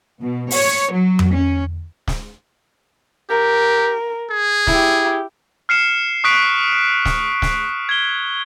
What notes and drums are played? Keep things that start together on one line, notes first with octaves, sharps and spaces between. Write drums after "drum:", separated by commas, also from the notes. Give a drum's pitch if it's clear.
B2
C#5, drum: open hi-hat
F#3
drum: tom F2
C#4
drum: snare
G4 A#4
G#4
E4 G4, drum: snare
F6 C7 C#7 E7
C#6 D#6 F#6 B6 D7
drum: snare
drum: snare
G#6 G7